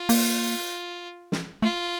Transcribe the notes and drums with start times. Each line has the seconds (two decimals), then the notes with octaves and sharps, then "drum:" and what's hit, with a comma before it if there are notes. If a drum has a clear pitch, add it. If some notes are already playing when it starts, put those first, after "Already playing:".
Already playing: F4
0.09 A#3, drum: open hi-hat
1.32 drum: snare
1.62 A3 F4